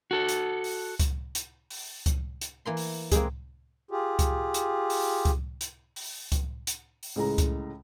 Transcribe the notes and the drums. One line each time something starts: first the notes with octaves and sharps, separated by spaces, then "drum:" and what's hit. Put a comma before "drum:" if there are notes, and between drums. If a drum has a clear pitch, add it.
F#4 A4
drum: hi-hat
drum: open hi-hat
drum: kick C#2, hi-hat
drum: hi-hat
drum: open hi-hat
drum: kick C#2, hi-hat
drum: hi-hat
E3 A#3 C6
drum: open hi-hat
G#3 A#3 C4 G#4, drum: kick C#2, hi-hat
F4 G4 G#4
drum: kick C#2, hi-hat
drum: hi-hat
drum: open hi-hat
drum: kick C#2, hi-hat
drum: hi-hat
drum: open hi-hat
drum: kick C#2, hi-hat
drum: hi-hat
drum: open hi-hat
C#2 A2 G#3 A#5
drum: kick C#2, hi-hat